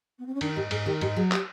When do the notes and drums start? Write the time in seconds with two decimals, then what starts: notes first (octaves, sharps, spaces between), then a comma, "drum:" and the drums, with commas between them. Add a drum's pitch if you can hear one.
0.18 B3
0.26 C4
0.34 C#4
0.41 D#3 D4, drum: cymbal
0.56 G#2 G4
0.71 G#2 G#4, drum: cymbal
0.86 D#3 G4
1.01 G#2 G4, drum: cymbal
1.16 F#3 G#4
1.32 G4, drum: clap